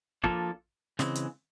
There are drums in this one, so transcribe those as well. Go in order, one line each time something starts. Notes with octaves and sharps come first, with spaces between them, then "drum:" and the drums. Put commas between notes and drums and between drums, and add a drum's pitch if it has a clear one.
F3 A#3 D4 F4 A4, drum: kick
C#3 E3 G#3 C4, drum: snare
drum: hi-hat